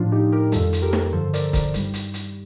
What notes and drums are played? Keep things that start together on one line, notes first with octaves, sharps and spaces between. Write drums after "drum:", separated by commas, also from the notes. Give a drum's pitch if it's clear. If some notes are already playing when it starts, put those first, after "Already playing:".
Already playing: A2 F3 D4 F4
D#4 G4
G4 A#4
F2 D#3 G3 F4 A4, drum: hi-hat
drum: hi-hat
G4 A#4
drum: snare
G2 D3 F3 A4 C5
A#4 D5, drum: hi-hat
A#4 D5, drum: kick, hi-hat
G2 D#3 G3, drum: hi-hat
drum: hi-hat
drum: hi-hat